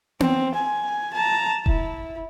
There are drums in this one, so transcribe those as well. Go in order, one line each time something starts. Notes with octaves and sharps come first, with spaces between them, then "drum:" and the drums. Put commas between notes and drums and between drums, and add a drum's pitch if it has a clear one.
C4, drum: tom B3
G#5
A5 A#5
E4, drum: kick E1